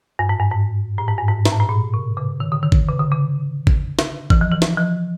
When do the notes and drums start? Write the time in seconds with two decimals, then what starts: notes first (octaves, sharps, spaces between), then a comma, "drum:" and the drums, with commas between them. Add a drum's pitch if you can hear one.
0.19 G2
0.29 G#2
0.40 G2
0.51 G#2
0.98 A2
1.09 G#2
1.18 G2
1.28 G#2
1.45 A2, drum: snare
1.53 G#2
1.60 A2
1.69 A#2
1.94 C3
2.17 C#3
2.40 D#3
2.52 D3
2.63 D#3
2.72 drum: kick
2.88 C#3
3.00 D3
3.11 C#3
3.67 drum: kick
3.99 drum: snare
4.30 E3, drum: kick
4.41 F3
4.52 E3
4.62 drum: snare
4.77 F3